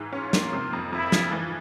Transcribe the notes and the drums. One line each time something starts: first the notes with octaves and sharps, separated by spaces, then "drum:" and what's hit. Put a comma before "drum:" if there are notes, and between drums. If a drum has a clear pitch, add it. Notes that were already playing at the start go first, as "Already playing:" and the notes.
Already playing: G#2 E3
C#4 F4
A#3, drum: snare
C3
F2
F2 E4
F3, drum: snare
E3